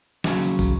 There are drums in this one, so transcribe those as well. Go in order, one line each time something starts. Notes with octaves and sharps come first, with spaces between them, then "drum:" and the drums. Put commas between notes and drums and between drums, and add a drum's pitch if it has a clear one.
D#2 C#3 F#3, drum: snare
drum: tambourine
drum: kick, tambourine